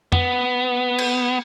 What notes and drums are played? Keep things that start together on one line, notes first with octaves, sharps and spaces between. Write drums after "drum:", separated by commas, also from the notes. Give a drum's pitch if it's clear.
B3, drum: tom F2
drum: cymbal